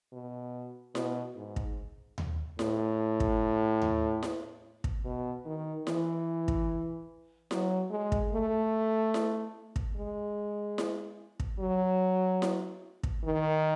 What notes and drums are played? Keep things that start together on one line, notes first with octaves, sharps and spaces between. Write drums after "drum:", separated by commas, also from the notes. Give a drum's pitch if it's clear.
B2
B2, drum: snare E4
G#2
drum: kick
drum: tom D#2
A2, drum: snare E4
drum: kick
drum: tom D#2
drum: snare E4
drum: kick
B2
D#3
E3, drum: snare E4
drum: kick
F#3, drum: snare E4
G#3
drum: kick
A3
drum: snare E4
drum: kick
G#3
drum: snare E4
drum: kick
F#3
drum: snare E4
drum: kick
D#3